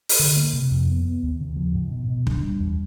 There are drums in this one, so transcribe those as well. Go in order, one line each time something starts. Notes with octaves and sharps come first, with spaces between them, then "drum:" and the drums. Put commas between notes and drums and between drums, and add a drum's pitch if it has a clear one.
drum: open hi-hat
D3
A#3
C3
F2
B3
B3
D#2
C#3
F3
G#2
B2
B2
D4, drum: kick
G3
E2